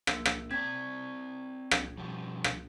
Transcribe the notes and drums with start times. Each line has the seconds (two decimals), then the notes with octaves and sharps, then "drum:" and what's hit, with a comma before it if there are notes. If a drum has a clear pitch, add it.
0.07 A#3, drum: rim click
0.25 drum: rim click
0.51 C4 D5 G#6 B6
1.71 drum: rim click
1.98 B2 F3 G3
2.44 drum: rim click